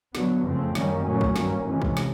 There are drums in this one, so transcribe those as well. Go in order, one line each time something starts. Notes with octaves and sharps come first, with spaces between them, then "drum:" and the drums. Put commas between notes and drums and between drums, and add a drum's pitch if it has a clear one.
D3 F#3 B3, drum: snare
F2 C#3 F3 A3 C4
F#2 D#3 G3 A#3 C#4, drum: snare
A#2 F#3 A3 C#4
drum: kick
G2 D#3 F#3 A#3 C#4, drum: snare
F2 C3 E3 G#3 C#4
drum: kick
drum: snare